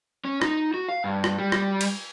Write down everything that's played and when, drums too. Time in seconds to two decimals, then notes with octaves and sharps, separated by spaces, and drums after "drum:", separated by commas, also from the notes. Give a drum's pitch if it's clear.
0.25 C#4
0.42 D#4, drum: rim click
0.74 F#4
0.89 F5
1.04 G2
1.24 drum: rim click
1.38 G3
1.52 drum: rim click
1.81 drum: cymbal